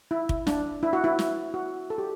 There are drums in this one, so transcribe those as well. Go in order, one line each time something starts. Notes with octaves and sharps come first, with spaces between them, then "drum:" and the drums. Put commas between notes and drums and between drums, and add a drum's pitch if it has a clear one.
E4
drum: kick
D4, drum: snare
E4
F#4
E4
drum: snare
F#4
A4
G4